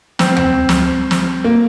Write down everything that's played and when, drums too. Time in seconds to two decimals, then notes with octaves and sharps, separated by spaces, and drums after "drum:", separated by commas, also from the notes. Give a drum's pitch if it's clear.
0.19 C4, drum: snare
0.37 drum: tom D2
0.69 drum: snare
1.11 drum: snare
1.44 A#3